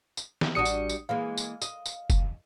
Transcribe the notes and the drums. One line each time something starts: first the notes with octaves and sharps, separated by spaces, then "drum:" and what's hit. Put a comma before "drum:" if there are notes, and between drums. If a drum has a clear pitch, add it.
drum: tambourine
drum: snare
A1 G3 D4 F#4 D#6 C#7
drum: tambourine
drum: tambourine
E3 G#3 A#3 F5
drum: tambourine
D#5, drum: tambourine
drum: tambourine
drum: kick F1, tambourine